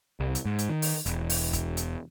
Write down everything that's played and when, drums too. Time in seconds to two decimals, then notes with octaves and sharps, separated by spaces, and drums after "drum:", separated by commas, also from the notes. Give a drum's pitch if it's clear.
0.20 C2
0.35 drum: hi-hat
0.45 G#2
0.58 drum: hi-hat
0.69 D#3
0.82 drum: open hi-hat
1.06 E1, drum: hi-hat
1.30 drum: open hi-hat
1.53 drum: kick, hi-hat
1.77 drum: hi-hat